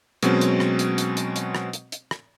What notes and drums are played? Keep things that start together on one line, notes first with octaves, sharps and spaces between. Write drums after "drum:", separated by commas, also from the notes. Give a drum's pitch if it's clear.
B2 F#3 G#3 C4 C#4 F#4, drum: hi-hat
drum: hi-hat
drum: rim click
drum: hi-hat
drum: hi-hat
drum: hi-hat
drum: hi-hat
drum: rim click
drum: hi-hat
drum: hi-hat
drum: rim click